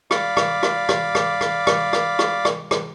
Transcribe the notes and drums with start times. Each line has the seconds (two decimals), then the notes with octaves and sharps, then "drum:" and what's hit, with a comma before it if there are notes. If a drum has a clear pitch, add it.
0.11 D5 F5 B5 D6, drum: rim click
0.37 drum: rim click
0.63 drum: rim click
0.89 drum: rim click
1.15 drum: rim click
1.41 drum: rim click
1.67 drum: rim click
1.93 drum: rim click
2.19 drum: rim click
2.45 drum: rim click
2.71 drum: rim click